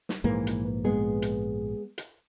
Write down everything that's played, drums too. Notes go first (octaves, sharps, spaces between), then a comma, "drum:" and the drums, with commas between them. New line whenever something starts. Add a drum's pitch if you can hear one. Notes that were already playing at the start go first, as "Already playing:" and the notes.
drum: snare
A#1 G#2 E3 A#3
drum: hi-hat
G#3 B3 G#4
drum: hi-hat
drum: hi-hat